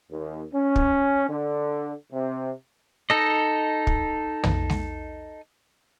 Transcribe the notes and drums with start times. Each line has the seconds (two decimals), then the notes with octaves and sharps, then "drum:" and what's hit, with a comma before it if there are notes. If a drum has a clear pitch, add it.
0.11 D#2
0.52 C#4
0.76 drum: kick
1.29 D3
2.12 C3
3.10 D#4 A4 D#5
3.87 drum: kick
4.43 drum: tom
4.70 drum: snare G#3